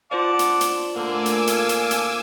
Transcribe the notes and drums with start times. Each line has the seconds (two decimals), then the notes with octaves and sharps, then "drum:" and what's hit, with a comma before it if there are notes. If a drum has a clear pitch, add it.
0.11 F4 C5 D5 F#5 A5 D6
0.39 drum: hi-hat
0.61 drum: hi-hat
0.96 A#2 D3 A3 A#3 G#5 D6 E6
1.26 drum: hi-hat
1.47 A4 F5, drum: hi-hat
1.69 drum: hi-hat
1.91 drum: hi-hat